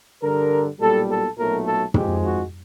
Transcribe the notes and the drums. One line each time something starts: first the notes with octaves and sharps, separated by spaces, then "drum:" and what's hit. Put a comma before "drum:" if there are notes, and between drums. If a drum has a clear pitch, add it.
G2 D3 G3 A#4
B1 A#2 G3 A4
A4
B1 A#2 F#3 A3 A#4
A4
G#1 G#2 F3 G#3 G4, drum: tom
F#4